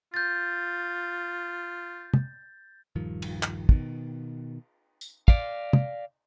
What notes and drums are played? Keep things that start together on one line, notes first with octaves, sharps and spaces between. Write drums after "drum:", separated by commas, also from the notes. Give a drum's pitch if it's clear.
F4 G6 A6
drum: tom
D#1 G2 D#3 F3
drum: cymbal
drum: clap
B2 D#3, drum: kick
drum: tambourine
D5 F5, drum: kick
drum: tom